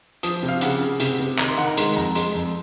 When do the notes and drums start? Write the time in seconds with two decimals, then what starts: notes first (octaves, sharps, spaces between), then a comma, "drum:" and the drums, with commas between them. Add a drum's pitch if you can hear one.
0.23 F3 D#6, drum: hi-hat
0.43 C3
0.48 F5
0.61 C#3 F#5, drum: hi-hat
0.81 C#3
1.00 C3, drum: hi-hat
1.19 C3
1.38 D#3 A#5, drum: clap
1.48 C6
1.58 D#3 F#5
1.67 A#5
1.77 G#3 C6, drum: hi-hat
1.96 F2 A#5
2.15 G#3 C6, drum: hi-hat
2.35 F2